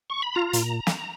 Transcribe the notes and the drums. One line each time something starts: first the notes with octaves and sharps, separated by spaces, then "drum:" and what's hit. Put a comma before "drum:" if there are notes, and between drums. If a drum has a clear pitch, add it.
C#6
B5
F4 A#5
A#2, drum: hi-hat
drum: snare